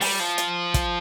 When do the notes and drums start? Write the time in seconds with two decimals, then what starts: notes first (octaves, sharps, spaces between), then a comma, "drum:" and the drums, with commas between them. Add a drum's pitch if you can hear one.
0.01 G3, drum: open hi-hat
0.20 F3
0.38 drum: hi-hat
0.74 drum: kick, hi-hat